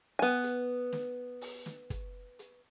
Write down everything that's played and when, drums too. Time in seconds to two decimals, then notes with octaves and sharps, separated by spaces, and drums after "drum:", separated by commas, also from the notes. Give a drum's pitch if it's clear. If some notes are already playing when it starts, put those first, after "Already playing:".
0.19 B3 G#5
0.44 drum: hi-hat
0.92 drum: snare
1.41 drum: open hi-hat
1.66 drum: snare
1.90 drum: kick, hi-hat
2.39 drum: hi-hat